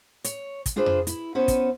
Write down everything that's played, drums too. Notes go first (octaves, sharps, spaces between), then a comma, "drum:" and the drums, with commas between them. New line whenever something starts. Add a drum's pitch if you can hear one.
C#5, drum: hi-hat
drum: kick, hi-hat
D4 F4 G#4 B4 C5
drum: tom F2
E4, drum: hi-hat
B3 C#4 C5
drum: kick, hi-hat